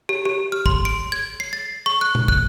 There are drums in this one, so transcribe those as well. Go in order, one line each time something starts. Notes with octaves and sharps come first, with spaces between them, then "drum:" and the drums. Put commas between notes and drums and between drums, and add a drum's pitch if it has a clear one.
G4
G4
F6
C6, drum: kick
D7
G#6
C7
A6
C#6
F#6
drum: tom A#2
F#6, drum: kick